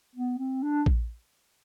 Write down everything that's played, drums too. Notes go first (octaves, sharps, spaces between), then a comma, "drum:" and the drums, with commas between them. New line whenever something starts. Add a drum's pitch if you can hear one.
B3
C4
D4
drum: kick A#1